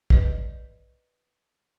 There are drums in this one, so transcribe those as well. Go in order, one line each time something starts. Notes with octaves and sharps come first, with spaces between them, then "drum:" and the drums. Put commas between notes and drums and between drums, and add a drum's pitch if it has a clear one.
B4 D5 D#5, drum: kick